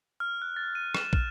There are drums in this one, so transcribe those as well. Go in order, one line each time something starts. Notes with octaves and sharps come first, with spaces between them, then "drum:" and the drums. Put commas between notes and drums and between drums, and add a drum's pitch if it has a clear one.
F6
F#6
A6
D#7
E7, drum: rim click
F6, drum: kick